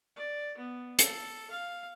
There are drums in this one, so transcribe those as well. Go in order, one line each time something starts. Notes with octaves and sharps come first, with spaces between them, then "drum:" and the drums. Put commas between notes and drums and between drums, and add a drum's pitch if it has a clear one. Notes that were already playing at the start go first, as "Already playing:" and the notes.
D5
B3
A4, drum: hi-hat
F5